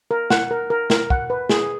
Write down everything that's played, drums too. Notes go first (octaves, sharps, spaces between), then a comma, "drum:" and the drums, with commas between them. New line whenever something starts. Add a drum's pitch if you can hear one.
A#4
F#5, drum: snare
A#4
A#4
A#4, drum: snare
F#5, drum: kick
B4
G#4, drum: snare